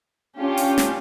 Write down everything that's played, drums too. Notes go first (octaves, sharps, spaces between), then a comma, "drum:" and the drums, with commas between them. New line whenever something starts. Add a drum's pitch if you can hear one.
C#4 D4 F4 G4
drum: open hi-hat
drum: snare